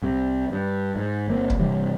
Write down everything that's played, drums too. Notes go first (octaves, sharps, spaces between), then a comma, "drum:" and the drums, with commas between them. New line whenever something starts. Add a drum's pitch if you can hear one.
C2 C3
G2
G#2
G1 A#3 C4
drum: kick
G2 C3 E3 G3